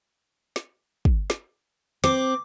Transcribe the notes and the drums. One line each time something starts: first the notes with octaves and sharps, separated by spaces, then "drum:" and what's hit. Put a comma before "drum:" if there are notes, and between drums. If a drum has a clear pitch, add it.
drum: snare
drum: kick
drum: snare
C4 D6, drum: snare